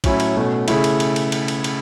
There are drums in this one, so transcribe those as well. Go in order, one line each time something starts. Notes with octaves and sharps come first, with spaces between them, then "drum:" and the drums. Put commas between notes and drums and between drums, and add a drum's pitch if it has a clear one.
A2 F#3 C#4 E4, drum: kick, cymbal
drum: cymbal
B2 A3 C#4
C#3 A3 E4, drum: cymbal
drum: cymbal
drum: cymbal
drum: cymbal
drum: cymbal
drum: cymbal
drum: cymbal